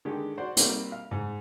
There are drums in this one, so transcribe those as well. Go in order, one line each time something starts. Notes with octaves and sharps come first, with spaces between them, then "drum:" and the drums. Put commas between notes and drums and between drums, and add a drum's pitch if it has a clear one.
D3 D#3 G#3 G4
F#4 C5 D5
C3 G3 A#3 F#4, drum: hi-hat
F5
G#2